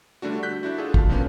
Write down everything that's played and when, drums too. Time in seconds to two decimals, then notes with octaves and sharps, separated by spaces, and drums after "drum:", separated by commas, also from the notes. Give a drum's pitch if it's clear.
0.22 D3 G3 A3 D4 F#4
0.43 F#6 G6 B6
0.63 D4 E4 F#4
0.78 D4 F4 G#4 A4
0.94 F5 A5, drum: kick
1.09 D3 D#3 A#3 B3 C#4